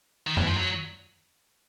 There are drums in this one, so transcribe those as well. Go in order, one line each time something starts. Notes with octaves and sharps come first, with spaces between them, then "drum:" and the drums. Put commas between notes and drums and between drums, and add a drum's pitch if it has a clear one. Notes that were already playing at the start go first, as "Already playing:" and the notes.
D#3
E3, drum: tom F#2
F3
F#3